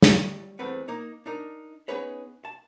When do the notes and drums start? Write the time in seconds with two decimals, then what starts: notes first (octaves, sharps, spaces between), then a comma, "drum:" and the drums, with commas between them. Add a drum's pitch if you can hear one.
0.02 G3, drum: snare
0.59 E2 A3 C4 B4 F#5
0.88 A#3 D#4
1.26 D4 D#4 A#4
1.88 B3 C#4 D#4 G#4 B4 C#5
2.45 A5